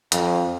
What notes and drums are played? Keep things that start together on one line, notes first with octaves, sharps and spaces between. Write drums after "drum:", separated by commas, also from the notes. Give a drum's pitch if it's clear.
F2, drum: hi-hat